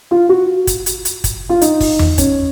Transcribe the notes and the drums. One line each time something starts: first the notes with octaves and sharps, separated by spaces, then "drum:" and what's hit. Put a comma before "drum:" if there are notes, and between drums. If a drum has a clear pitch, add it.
F4
F#4
drum: kick, hi-hat
drum: hi-hat
drum: hi-hat
drum: kick, hi-hat
F4
D#4, drum: hi-hat
drum: kick, open hi-hat
drum: tom E2
C#4, drum: kick, hi-hat